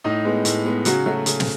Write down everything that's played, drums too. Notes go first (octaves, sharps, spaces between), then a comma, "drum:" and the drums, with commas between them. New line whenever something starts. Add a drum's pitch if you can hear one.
A2 D#4 D#5
G#3 B3
A2, drum: hi-hat
G#3 B3
C#3 F#3 F#4, drum: hi-hat
F#3 A3
C#3, drum: hi-hat
drum: snare